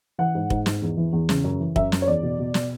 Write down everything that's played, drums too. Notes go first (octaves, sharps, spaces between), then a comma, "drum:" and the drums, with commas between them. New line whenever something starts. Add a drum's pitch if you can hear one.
E3 F#5
G#2
G#2, drum: kick F1
G#2, drum: snare
E2
E3
E2
C#3, drum: snare
F#2
E3
F#2 E5, drum: kick F1
F#2, drum: snare
C#5
E2 D5
B2
B2
B2, drum: snare